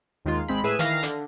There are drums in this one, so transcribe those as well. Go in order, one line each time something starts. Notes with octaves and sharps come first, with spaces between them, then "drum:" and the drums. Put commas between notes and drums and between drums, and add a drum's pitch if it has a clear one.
D#2 D#3 G#3 F4
G#1 G#3 C4 B5
A2 G#4 B4 E5 D#7 E7
D#3 E3 F5 F6 A#6 C7, drum: hi-hat
D3, drum: hi-hat